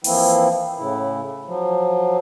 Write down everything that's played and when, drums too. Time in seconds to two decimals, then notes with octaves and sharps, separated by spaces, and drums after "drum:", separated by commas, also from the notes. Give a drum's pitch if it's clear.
0.04 E3 F3 A#3 C4 E4, drum: open hi-hat
0.77 A2 C#3 E4
1.46 F3 F#3